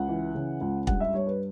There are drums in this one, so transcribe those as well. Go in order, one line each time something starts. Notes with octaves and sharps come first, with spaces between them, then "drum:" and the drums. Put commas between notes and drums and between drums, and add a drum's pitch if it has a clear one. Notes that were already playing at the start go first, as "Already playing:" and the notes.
Already playing: C#2 F#5
E3
C#3
C#2
G2 F#5, drum: kick
E5
G2 C#5
B4